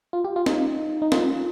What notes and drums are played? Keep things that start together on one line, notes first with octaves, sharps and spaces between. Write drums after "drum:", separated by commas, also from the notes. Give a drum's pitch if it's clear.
F4
G4
F4
D#4, drum: snare
D#4
F4, drum: snare